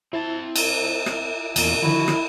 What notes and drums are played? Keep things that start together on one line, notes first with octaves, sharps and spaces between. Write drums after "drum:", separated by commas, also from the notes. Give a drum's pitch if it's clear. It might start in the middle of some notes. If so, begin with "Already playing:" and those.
C4 E4 A5
drum: cymbal
drum: rim click
E2 A#2 C#3, drum: cymbal
D3 D#3 F3 E4 F#4
drum: rim click